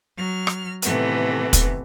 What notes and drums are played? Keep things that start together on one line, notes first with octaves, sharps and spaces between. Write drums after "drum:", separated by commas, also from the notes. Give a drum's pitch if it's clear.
F#3 F6
drum: rim click
A2 C3 D#3 E3 A3 B3, drum: hi-hat
drum: kick, hi-hat